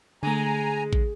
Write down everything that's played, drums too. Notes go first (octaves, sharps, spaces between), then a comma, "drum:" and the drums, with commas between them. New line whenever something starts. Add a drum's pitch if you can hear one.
D3 G#3 A3 G#5 A#5
drum: kick